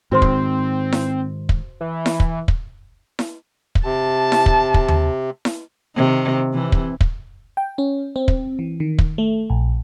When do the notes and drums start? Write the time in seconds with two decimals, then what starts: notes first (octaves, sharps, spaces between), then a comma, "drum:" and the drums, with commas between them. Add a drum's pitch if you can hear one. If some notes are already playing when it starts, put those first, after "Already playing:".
0.12 G#2 D#3 C4 F#4 C5 C6
0.22 drum: kick
0.92 drum: snare E4
1.49 drum: kick
1.81 E3
2.06 drum: snare E4
2.20 drum: kick
2.48 drum: kick
3.19 drum: snare E4
3.75 drum: kick
3.85 C3 A5
4.32 drum: snare E4
4.46 drum: kick
4.74 drum: kick
4.88 drum: tom D#2
5.45 drum: snare E4
5.96 C3 D#3
6.53 C3 E3
6.72 drum: kick
7.01 drum: kick
7.57 G5
7.78 C#4
8.16 C4
8.28 drum: kick
8.59 E3
8.80 D#3
8.99 drum: kick
9.18 A3
9.50 A#1